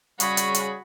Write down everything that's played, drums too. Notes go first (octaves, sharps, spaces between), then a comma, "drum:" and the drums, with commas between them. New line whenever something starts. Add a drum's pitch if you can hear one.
C#3 G3 F#4 G#4 B5 C#6, drum: hi-hat
drum: hi-hat
drum: hi-hat